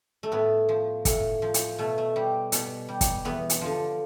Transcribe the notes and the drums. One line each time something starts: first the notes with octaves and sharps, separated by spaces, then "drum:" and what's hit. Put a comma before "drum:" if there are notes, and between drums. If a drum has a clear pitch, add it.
A3
A2 B3
F3
A2, drum: kick, hi-hat
F3
drum: hi-hat
B2 A3
A3
G3
B2, drum: hi-hat
G3
drum: kick, hi-hat
E2 B3
drum: hi-hat
D3 F3